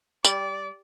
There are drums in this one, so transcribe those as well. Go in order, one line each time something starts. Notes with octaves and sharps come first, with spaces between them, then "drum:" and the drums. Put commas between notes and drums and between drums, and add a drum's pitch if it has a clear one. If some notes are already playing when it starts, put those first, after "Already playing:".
G3 D5, drum: tambourine